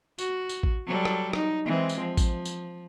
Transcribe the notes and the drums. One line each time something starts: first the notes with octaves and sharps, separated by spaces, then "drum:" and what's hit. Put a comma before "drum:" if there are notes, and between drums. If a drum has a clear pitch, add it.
F#4, drum: tambourine
drum: tambourine
drum: kick A1
F#3 G3 A4
drum: rim click
D#4, drum: rim click
E3 G#3 C4
drum: tambourine
F3
drum: kick A1, tambourine
drum: tambourine